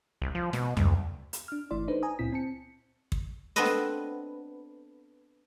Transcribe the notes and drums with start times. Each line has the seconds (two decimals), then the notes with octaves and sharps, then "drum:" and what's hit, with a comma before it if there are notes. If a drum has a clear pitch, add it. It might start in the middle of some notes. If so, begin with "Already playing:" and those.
0.22 C2
0.35 F3
0.53 B2, drum: snare
0.77 D2, drum: tom F2
1.33 drum: hi-hat
1.48 D4 F6
1.71 G1 E3 A3 E4 D5 C6
1.88 D4 D#4 A4 B4 C5
2.03 G#5 A#5 D#6
2.19 C#2 A#2 C4 E4 B6
2.32 C4 A5 C#7
3.12 drum: kick
3.56 B3 C4 D4 A4 B4 D#5
3.65 drum: snare